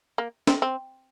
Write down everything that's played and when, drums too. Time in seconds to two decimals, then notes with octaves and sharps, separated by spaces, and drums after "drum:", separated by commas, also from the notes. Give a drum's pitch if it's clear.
0.18 A#3
0.47 C4, drum: snare
0.62 C4